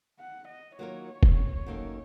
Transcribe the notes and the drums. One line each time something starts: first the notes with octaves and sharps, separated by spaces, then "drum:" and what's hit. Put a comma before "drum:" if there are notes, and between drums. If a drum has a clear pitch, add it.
F#5
D#5
D#3 F#3 A#3 F4 A#4 C#5
drum: kick
F#2 D#3 A#3 D#4 A4